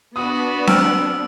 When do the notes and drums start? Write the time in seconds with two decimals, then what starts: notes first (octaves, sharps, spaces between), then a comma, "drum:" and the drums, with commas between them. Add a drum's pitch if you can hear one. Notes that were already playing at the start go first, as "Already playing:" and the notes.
0.16 B3 D4 F#4 B4 D#6
0.67 C5 G5 E6 F6 D7, drum: snare C4